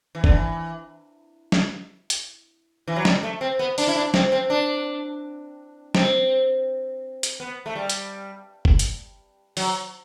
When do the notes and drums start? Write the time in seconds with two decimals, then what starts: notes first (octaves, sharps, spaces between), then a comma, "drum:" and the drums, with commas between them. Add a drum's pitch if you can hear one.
0.15 E3
0.24 D3, drum: kick
0.32 E3
1.52 drum: snare
2.10 drum: hi-hat
2.88 E3
2.96 F#3
3.05 G3, drum: snare
3.23 A3
3.41 C4
3.59 B3
3.78 D4, drum: open hi-hat
3.88 E4
3.96 D4
4.14 C4, drum: snare
4.32 C4
4.50 D4
5.95 C4, drum: snare
7.23 drum: hi-hat
7.40 B3
7.66 A3
7.75 G3
7.89 drum: hi-hat
8.65 drum: kick
8.79 drum: hi-hat
9.57 F#3, drum: open hi-hat